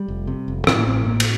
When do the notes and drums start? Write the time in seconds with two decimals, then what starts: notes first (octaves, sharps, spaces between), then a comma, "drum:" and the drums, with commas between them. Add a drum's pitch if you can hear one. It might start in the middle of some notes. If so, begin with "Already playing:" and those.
Already playing: G3
0.08 F1
0.27 C3
0.48 F1
0.67 A2 C4, drum: rim click
0.78 A#3
0.87 A1 C4
1.06 A2 A#3
1.20 drum: cymbal